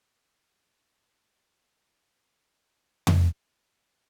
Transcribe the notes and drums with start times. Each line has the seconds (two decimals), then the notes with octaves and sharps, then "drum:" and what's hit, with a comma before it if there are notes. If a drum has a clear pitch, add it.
0.50 C#4 D#4 F#5 G#5
1.75 C5
3.07 drum: tom F2
3.69 C#4